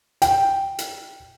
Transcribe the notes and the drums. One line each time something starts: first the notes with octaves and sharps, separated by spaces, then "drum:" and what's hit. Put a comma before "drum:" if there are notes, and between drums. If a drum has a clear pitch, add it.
G5, drum: hi-hat
drum: hi-hat